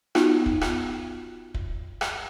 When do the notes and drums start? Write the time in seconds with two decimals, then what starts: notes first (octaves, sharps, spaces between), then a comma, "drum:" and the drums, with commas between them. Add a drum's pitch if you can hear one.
0.15 B3 D#4 F4 F#4, drum: rim click
0.46 drum: kick
0.61 drum: rim click
1.54 drum: kick
2.01 drum: rim click